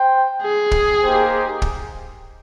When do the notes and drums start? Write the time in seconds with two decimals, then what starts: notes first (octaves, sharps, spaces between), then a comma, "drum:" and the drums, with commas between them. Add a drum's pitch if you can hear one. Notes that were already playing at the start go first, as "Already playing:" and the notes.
Already playing: C5 G5
0.42 G#4
0.71 drum: kick
1.02 A#3 D#4 G4 C5 G5
1.62 drum: kick